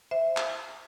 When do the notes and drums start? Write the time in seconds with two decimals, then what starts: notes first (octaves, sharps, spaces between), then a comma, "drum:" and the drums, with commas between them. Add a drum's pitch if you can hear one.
0.11 C5 E5
0.37 drum: clap